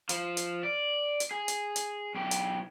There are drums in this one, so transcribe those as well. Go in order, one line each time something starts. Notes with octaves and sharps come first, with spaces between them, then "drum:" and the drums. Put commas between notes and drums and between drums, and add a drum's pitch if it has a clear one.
F3, drum: hi-hat
drum: hi-hat
D5
drum: hi-hat
G#4
drum: hi-hat
drum: hi-hat
B1 G4
drum: hi-hat